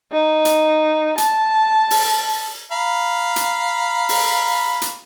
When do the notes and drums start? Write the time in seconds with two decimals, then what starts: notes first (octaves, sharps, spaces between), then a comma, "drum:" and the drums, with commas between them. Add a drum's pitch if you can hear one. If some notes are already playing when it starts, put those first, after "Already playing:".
0.12 D#4
0.45 drum: hi-hat
1.18 A5, drum: hi-hat
1.90 drum: open hi-hat
2.72 F5 A#5 B5
3.36 drum: hi-hat
4.09 drum: open hi-hat
4.82 drum: hi-hat